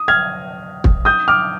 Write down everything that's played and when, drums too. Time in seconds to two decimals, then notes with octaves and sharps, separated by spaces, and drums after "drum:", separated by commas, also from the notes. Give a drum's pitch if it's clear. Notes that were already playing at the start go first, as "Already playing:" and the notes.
Already playing: D#6
0.08 F6 G#6
0.84 drum: kick
1.05 D#6 G6
1.28 D6 F6